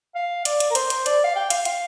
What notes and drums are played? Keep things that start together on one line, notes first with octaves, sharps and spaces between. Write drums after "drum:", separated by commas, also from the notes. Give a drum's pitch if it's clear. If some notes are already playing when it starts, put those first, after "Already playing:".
F5
D5, drum: hi-hat
drum: hi-hat
A#4
C5, drum: hi-hat
drum: hi-hat
D5, drum: hi-hat
F5
G5
F5, drum: hi-hat
F5, drum: hi-hat